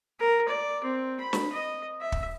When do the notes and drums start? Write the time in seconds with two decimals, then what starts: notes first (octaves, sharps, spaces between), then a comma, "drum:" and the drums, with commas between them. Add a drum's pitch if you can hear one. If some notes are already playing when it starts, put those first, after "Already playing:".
0.20 A#4
0.49 D5
0.83 C4
1.20 B5
1.33 drum: snare
1.53 D#5
2.01 E5
2.12 drum: kick